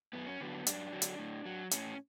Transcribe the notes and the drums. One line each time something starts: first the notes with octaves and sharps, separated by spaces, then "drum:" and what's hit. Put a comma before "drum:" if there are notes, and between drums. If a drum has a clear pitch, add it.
F#2 B3
C#4
D3 F#3 B3
F#2 D4, drum: hi-hat
D3 F#3
drum: hi-hat
A2
F#3
A2 C#4, drum: hi-hat